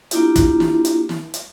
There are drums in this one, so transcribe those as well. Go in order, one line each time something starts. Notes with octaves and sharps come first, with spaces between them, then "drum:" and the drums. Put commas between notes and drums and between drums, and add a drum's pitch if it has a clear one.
A#3 D4 E4 F4 G4, drum: hi-hat
drum: kick, hi-hat
drum: snare
drum: hi-hat
drum: snare
drum: hi-hat